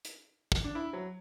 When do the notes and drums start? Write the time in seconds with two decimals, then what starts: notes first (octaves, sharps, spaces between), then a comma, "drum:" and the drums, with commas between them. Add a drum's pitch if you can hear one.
0.05 drum: hi-hat
0.52 drum: kick
0.64 D4
0.75 E4
0.93 F#3